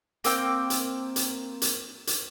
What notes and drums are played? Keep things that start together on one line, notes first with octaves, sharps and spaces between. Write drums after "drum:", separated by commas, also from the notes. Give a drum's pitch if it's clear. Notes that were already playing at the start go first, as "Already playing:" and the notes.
A#3 C4 G5 D6, drum: hi-hat
drum: hi-hat
drum: hi-hat
drum: hi-hat
drum: hi-hat